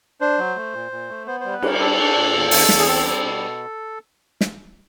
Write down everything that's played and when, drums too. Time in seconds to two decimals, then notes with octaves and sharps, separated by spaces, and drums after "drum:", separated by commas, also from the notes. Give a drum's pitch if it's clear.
0.21 D4 C5
0.39 F#3
0.56 A3
0.74 A#2
0.92 A#2
1.09 A3
1.27 B3 C5
1.40 G3 C5
1.53 B4
1.62 G3 A#4, drum: cymbal
1.80 D4 A4
1.98 D4
2.15 A#2
2.34 E2
2.51 E2, drum: open hi-hat
2.69 E2, drum: snare
2.79 G#4
2.87 C4 A4
3.04 G3
3.23 B2
4.41 drum: snare